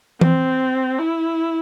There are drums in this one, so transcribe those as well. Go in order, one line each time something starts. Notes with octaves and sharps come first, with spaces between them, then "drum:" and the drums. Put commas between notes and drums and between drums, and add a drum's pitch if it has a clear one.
C4, drum: tom E3
E4